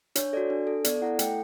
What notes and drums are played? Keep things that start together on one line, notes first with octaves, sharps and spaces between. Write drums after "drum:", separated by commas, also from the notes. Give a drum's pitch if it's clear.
D4 C#5, drum: hi-hat
F#4 A4 D5
D4
A4
B3 D5, drum: hi-hat
E4 A4 F#5
A3 G5, drum: hi-hat